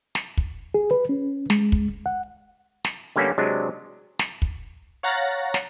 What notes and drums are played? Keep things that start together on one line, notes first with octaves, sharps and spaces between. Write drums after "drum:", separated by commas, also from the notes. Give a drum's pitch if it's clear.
drum: snare
drum: kick
G#4
B4
C#4
G#3, drum: snare
drum: kick
F#5
drum: snare
D3 G3 A#3 B3 C#4
C3 F#3 G#3 D4
drum: snare
drum: kick
C#5 F5 F#5 A#5 A6 A#6
drum: snare